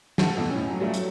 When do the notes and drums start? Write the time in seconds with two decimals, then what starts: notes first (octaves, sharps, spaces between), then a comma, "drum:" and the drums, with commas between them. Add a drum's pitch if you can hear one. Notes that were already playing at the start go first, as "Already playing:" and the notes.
0.18 A4 F#5, drum: snare
0.37 F2 B2
0.50 A2 C#4
0.68 F#3
0.80 F#3 G3 A3 F4
0.94 F#3, drum: hi-hat